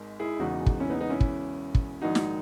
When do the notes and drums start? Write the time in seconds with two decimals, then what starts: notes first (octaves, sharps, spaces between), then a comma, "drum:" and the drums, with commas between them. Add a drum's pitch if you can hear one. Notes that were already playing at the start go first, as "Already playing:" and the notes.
Already playing: G#1 G#2
0.20 E4 G#4
0.39 E1 E2 C#3 E3 D#4 F#4
0.66 drum: kick
0.80 C#4 E4
0.90 B3 D#4
1.00 B3 D#4
1.10 C#4 E4
1.20 drum: kick
1.75 drum: kick
2.02 A#1 G#2 D#3 D#4 F#4
2.15 drum: snare